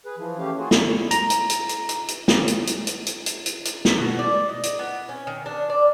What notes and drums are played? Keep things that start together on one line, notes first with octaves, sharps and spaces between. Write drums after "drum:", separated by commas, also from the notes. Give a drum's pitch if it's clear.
G#4 B4
E3 F3
A3 C#4 G4 F5
A#3 F4 F#4 G#4
E4 G#5, drum: snare
A#5, drum: hi-hat
drum: hi-hat
drum: hi-hat
drum: hi-hat
drum: hi-hat
drum: hi-hat
drum: snare
drum: hi-hat
drum: hi-hat
drum: hi-hat
drum: hi-hat
drum: hi-hat
drum: hi-hat
drum: hi-hat
drum: snare
B2
D5
D#5
drum: hi-hat
B3
C#4
D#3
D4
D5